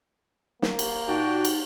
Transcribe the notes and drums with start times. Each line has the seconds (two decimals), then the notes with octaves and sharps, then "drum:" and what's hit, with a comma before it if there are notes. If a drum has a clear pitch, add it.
0.62 A#3, drum: snare
0.79 drum: cymbal
1.07 A#2 D4 D#4 F#4 G5
1.45 drum: cymbal